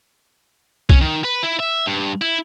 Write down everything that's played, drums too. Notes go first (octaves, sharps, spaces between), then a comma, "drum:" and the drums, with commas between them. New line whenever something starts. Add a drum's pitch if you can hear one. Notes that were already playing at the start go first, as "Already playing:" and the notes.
C#4, drum: kick
D#3
B4
E4
E5
G2
E4